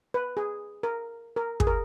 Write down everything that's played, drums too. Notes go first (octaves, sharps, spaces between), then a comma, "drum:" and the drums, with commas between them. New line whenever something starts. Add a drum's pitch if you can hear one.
B4
G#4
A#4
A#4
G#4, drum: kick
A#4